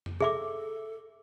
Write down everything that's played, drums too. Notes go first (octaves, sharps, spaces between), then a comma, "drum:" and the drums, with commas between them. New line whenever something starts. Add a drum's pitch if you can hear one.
drum: tom
G#4 A4 E5 D6, drum: tom